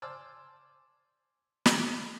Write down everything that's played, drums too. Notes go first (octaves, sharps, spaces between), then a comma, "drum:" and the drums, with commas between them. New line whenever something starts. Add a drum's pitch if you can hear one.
C5 D5 G#5 A5 E6 F6
drum: snare